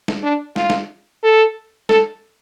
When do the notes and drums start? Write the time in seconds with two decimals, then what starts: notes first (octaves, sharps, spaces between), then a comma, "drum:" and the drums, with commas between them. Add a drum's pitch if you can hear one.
0.08 drum: snare
0.23 D4
0.56 F4, drum: snare
0.70 drum: snare
1.23 A4
1.89 A4, drum: snare